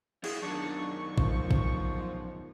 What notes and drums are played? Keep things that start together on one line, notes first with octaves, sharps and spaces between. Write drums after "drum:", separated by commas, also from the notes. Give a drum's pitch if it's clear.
E4 F#4 G#4, drum: cymbal
F#2 D#3 D4 C#6
F3, drum: kick
drum: kick